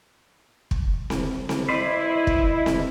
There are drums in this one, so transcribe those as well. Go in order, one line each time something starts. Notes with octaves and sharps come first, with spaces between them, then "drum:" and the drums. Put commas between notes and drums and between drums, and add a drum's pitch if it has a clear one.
drum: kick
drum: snare C4
drum: snare C4
E4 B4 C5 D5 D#5
drum: kick
drum: snare C4